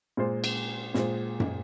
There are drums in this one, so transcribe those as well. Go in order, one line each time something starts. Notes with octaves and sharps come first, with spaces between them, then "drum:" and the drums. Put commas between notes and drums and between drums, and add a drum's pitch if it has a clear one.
A#2 G#3 F4 C5
drum: cymbal
A#2 G#3 F4 C5, drum: snare
drum: tom F#2